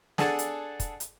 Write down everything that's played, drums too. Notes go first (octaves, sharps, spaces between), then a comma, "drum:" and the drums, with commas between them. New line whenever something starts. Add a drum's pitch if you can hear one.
D4 G#4 A4 F#5 G#5 A5, drum: snare
drum: hi-hat
drum: kick, hi-hat
drum: hi-hat